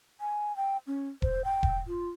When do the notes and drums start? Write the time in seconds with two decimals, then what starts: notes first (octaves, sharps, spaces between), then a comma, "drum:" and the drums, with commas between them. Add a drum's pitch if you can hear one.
0.21 G#5
0.57 G5
0.87 C#4
1.22 C5, drum: kick E1
1.45 G5
1.63 drum: kick E1
1.88 F4